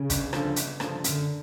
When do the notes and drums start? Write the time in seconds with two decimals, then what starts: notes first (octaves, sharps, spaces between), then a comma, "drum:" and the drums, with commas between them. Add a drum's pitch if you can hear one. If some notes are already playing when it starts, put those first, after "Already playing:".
Already playing: C#3
0.10 G1, drum: kick, hi-hat
0.33 G2 D3 F3, drum: rim click
0.56 G1, drum: hi-hat
0.80 G2 D3 F3, drum: rim click
1.04 F#2 D3, drum: hi-hat